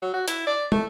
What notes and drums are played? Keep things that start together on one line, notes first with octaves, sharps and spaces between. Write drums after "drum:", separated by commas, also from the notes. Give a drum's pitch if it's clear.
F#3
F#4
E4, drum: hi-hat
D5
A3, drum: tom